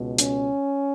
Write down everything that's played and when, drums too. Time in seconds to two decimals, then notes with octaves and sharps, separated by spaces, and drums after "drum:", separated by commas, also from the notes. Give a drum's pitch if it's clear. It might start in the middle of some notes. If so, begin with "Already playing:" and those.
Already playing: C#2 B2
0.18 C#4, drum: hi-hat